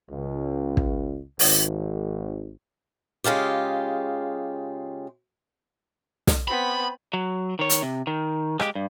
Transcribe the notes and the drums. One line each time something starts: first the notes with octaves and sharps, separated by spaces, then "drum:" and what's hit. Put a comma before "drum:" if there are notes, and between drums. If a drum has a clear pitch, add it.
C#2
drum: kick
G#1, drum: open hi-hat
C#3 G#3 F4 G4
drum: snare
B3 C4 B5
F#3
D#3 C#5
drum: hi-hat
C3
D#3
G#3 G4, drum: rim click
G2